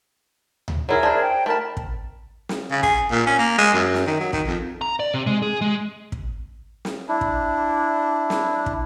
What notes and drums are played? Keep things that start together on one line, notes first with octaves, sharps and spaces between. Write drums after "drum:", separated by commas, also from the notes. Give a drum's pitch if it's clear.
drum: tom D2
F#3 E4 G#4 A#4 E5
D4 C5
G5
A3 A#4 A5 B5
drum: kick
drum: snare
C#3
G#4, drum: kick
A#2
C#4
A#3
G#3
F#2
drum: snare
D#3
F#3
D#3, drum: kick
F2
A#5
D5
C3
G#3
G#4
G#3
drum: kick
drum: snare
D4 E4
drum: kick
drum: snare
drum: kick